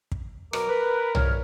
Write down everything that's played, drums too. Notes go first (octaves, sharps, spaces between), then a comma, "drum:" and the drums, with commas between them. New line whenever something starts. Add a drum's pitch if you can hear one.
drum: kick
B2 F#3 A#4 D6, drum: rim click
B4
C2 C#5 F6, drum: tom B1